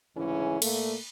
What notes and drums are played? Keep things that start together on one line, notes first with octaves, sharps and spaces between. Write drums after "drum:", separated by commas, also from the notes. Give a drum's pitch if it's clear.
D2 G#2 C#3 E3 C#4 E4
A#2 A3 A#3, drum: cymbal